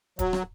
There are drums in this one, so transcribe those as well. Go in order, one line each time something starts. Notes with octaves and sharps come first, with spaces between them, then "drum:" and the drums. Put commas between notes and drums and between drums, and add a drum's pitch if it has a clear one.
F#3, drum: kick, hi-hat
drum: rim click